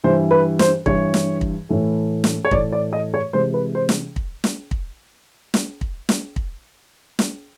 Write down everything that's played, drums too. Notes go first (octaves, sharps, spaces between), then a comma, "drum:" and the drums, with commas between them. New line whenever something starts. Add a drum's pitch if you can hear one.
G2 E3 G3 C5
B4
C5, drum: snare
G2 E3 G3 C#5, drum: kick
drum: snare
drum: kick
A2 E3 A3
drum: snare
C#5
A2 E3 A3 D5, drum: kick
D5
D#5
C#5
C3 E3 G#3 C5
B4
C5
drum: snare
drum: kick
drum: snare
drum: kick
drum: snare
drum: kick
drum: snare
drum: kick
drum: snare